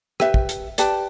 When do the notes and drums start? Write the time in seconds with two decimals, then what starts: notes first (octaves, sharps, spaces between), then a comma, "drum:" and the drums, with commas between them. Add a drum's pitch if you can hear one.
0.20 G4 B4 E5, drum: rim click
0.34 drum: kick
0.49 drum: hi-hat
0.78 G4 B4 D5 A5, drum: hi-hat